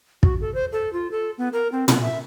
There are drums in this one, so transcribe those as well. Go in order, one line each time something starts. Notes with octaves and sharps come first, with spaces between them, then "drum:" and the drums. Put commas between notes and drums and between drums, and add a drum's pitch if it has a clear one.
F#4, drum: kick
A4
C5
A4
F4
A4
B3
A#4
C4
B3, drum: tom
E5